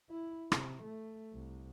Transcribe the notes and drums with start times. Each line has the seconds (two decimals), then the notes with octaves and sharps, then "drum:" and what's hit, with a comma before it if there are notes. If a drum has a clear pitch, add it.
0.10 E4
0.52 C3, drum: rim click
0.84 A3
1.34 C2